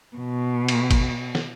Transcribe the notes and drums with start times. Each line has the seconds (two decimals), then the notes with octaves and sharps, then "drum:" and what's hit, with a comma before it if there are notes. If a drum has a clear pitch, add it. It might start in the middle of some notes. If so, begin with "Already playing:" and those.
0.16 B2
0.68 drum: cymbal
0.91 drum: kick, cymbal
1.35 drum: snare